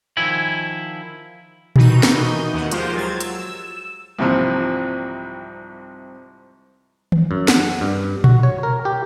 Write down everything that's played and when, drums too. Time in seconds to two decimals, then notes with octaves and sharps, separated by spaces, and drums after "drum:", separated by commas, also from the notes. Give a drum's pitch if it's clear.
0.17 D#3 F3 E4 G#5 B5
1.76 D#3 E3 D#4 F#4 G6 D#7, drum: tom A#2
2.03 drum: snare
2.54 D#2 D#3 F#5
2.72 F3 G#3 F4 G4 A#4 C5, drum: hi-hat
2.96 F#3 G#6 A6
3.20 E6, drum: hi-hat
4.19 C2 G#2 C3 E3 F3
7.12 drum: tom D#3
7.31 F#2
7.48 F#5, drum: snare
7.81 G2
8.24 F#4, drum: tom A#2
8.43 C#5
8.63 A#4
8.85 G4